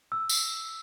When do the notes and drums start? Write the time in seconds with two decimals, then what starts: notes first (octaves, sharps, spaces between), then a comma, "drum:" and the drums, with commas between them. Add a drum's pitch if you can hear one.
0.12 E6
0.29 drum: tambourine